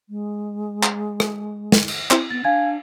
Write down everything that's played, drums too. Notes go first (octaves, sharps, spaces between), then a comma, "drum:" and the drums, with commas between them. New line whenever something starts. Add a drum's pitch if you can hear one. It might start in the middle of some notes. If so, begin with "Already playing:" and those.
G#3
drum: clap
drum: rim click
drum: snare
drum: cymbal
C4 E4, drum: clap
B3 A6
D4 F5 G#5 G#6